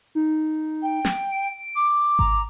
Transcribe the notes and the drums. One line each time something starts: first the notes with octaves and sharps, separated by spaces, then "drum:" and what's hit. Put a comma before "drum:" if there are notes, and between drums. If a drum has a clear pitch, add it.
D#4
G5
drum: snare
D7
D6
A#5, drum: kick G#1